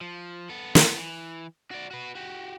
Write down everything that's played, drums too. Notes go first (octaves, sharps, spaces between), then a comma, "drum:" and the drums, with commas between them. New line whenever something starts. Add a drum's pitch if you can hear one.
F3
B3 A4
drum: snare
E3
F#4 D5
F#4 B4
F#4 G4